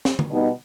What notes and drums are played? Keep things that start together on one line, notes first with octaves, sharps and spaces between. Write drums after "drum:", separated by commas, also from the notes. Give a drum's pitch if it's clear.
drum: snare
drum: tom D3
B2 G3 B3 D#4